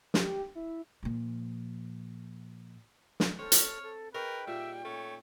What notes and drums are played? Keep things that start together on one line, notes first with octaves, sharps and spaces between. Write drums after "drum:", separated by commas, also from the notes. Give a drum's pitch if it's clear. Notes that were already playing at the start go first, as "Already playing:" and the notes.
G4, drum: snare
E4
A#2 F3
drum: snare
C4 A4 C#5 F6
drum: hi-hat
A4
D#4 G#4 A#4 B4 C#5 G5
A#2 G3 E5
A3 C#4 C#5